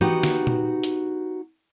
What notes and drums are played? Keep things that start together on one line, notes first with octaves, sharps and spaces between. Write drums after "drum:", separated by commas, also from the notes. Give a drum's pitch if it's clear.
B3 D#4 F#4 G4, drum: tom E3
drum: snare
drum: tom A#2
drum: hi-hat